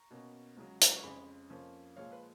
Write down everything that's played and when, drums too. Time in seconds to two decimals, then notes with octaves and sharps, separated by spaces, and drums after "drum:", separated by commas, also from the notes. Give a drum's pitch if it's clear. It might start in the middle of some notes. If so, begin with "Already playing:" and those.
Already playing: A#5 C#6
0.11 B2 A#3 C#4
0.57 C#2 C#3 F#3
0.82 drum: hi-hat
0.96 C#6
1.03 F2 C#3 G#3 C#4 G#5 B5
1.50 F2 F3 A#3 C#4
1.96 A#2 F3 G#3 C#5 F5
2.12 B4